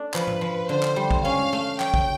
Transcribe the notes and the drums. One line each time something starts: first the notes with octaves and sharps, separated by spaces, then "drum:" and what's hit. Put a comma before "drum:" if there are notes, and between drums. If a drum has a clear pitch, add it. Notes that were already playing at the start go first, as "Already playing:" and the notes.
Already playing: A3 D4
F3 B4, drum: clap
drum: tom G#2
F3
D3 C5
drum: clap
G3
drum: kick
C#4 F5
drum: tom G#3
A3
F#3 G5, drum: clap
drum: kick